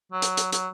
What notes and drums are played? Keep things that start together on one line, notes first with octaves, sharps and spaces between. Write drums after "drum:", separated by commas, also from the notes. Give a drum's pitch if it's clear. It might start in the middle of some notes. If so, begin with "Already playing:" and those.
F#3
drum: hi-hat
drum: hi-hat
F#3, drum: hi-hat